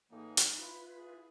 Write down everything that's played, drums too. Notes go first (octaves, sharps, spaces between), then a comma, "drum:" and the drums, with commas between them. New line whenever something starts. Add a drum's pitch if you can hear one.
A2 E3 A#3 D#4 G#4
drum: hi-hat
E4 F4 B4 B5
G#4